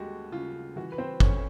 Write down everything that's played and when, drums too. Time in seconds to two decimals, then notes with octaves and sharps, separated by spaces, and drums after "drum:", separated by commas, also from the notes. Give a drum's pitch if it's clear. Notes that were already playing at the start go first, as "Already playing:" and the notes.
Already playing: D#2 G#3 A3 F#4 G4
0.32 C#3 F4
0.76 E3 F#4
0.92 B4
0.98 C4 C5
1.20 D2 C#4 C#5, drum: kick G1